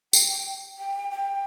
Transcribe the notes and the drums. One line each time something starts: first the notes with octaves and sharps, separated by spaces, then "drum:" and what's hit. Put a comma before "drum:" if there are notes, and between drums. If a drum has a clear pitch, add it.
G5, drum: tambourine
G5
G5
G5